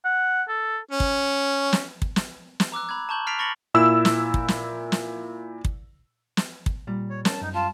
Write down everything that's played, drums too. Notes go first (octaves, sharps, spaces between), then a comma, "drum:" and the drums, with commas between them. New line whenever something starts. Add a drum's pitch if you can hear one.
F#5
A4
C#4
drum: kick
drum: snare
drum: kick
drum: snare
drum: snare
A#5 D6 E6 F#6
A#5 B5 F#6 G#6
A5 A#5 C#6 G6 F#7
F6 A6 B6 C7 D7 F7
B5 C#6 A6 A#6 C#7 F#7
A#2 E4 E6
drum: snare
drum: kick
drum: snare
drum: snare
drum: kick
drum: snare
drum: kick
A#2 G3
C#5
C#4 A#4 C#5 A5, drum: snare
F#2 D#4
F4 A5